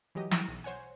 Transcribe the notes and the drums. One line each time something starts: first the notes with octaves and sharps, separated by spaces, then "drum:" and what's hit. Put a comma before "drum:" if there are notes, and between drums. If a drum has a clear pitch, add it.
E3 F#3 G#3 G4 D#5
E4, drum: snare
B1
C5 C#5 F#5 G#5